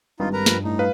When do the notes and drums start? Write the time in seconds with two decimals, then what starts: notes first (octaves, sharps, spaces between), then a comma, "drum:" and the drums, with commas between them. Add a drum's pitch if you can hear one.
0.20 G#1 G2 D#4 F4
0.33 A#4 B4 A#5
0.46 F3, drum: snare
0.64 A2 D#4
0.79 B4 F5